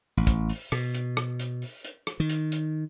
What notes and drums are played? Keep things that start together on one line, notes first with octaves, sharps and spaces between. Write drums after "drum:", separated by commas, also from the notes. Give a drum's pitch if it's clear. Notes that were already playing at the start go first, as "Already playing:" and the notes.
A1
drum: kick, hi-hat
drum: open hi-hat
B2, drum: rim click
drum: hi-hat
drum: rim click
drum: hi-hat
drum: open hi-hat
drum: hi-hat
drum: rim click
D#3
drum: hi-hat
drum: hi-hat